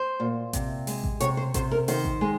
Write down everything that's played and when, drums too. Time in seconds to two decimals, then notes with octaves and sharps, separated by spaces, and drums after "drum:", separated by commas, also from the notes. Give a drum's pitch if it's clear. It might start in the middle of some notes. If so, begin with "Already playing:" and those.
Already playing: C5
0.20 A#2
0.53 C3, drum: kick A1, hi-hat
0.87 G#3, drum: open hi-hat
1.04 drum: kick A1
1.20 C3 C#5, drum: hi-hat
1.37 C5
1.54 C3 C5, drum: kick A1, hi-hat
1.71 A#4
1.88 D#3 C5, drum: open hi-hat
2.05 drum: kick A1
2.21 G#3